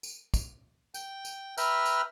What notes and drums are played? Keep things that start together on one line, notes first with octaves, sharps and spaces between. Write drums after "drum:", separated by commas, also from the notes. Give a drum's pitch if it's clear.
drum: tambourine
drum: kick, tambourine
G5, drum: tambourine
drum: tambourine
B4 E5 G5 A#5 F6 F#6, drum: tambourine
drum: tambourine